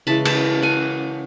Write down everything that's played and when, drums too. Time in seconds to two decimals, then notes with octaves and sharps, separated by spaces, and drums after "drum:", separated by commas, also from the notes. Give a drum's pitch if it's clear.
0.07 C#3 E3 G#3 A5 B5
0.26 A5 B5, drum: cymbal
0.62 F#5 G#5